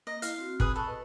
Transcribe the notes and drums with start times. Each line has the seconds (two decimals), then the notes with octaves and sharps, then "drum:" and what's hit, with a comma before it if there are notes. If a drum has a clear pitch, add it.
0.07 A#3 D#5
0.22 E4 F5, drum: hi-hat
0.38 C4 F#4
0.60 G#4 B4 D#6, drum: kick G1
0.76 A4 B5 C#6
0.87 B4 D#5